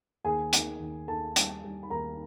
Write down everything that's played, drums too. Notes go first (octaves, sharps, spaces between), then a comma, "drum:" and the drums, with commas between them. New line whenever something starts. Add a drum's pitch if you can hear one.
D#2 G#4 G#5
D#3, drum: hi-hat
D#2
D#2 A4 A5
G3, drum: hi-hat
G3
B5
D#2 A#4 A#5